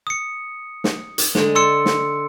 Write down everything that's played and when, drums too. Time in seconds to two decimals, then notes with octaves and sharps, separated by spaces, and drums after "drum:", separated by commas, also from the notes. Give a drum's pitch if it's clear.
0.07 D#6 C#7
0.84 drum: snare
1.18 drum: hi-hat
1.35 D3 G#3, drum: snare
1.55 G#5 A5 C6 E6 C#7
1.86 drum: snare